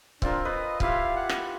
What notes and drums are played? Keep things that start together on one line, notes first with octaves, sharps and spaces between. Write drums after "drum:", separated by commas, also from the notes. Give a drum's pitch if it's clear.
C4 D4 F4 A#4, drum: kick C#1
B4 D#5
E4 F4 G4 F5, drum: kick C#1
F#5
drum: rim click